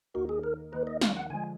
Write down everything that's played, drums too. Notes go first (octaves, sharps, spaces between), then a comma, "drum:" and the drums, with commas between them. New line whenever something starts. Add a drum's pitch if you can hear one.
D#2 D#3 A#3 D#4 F#4 A#4
G#4
A#4
D#2 D#3 A#3 D#4 A#4 B4
D#5
F5, drum: snare
F#5
D3 F3 G#3 G#5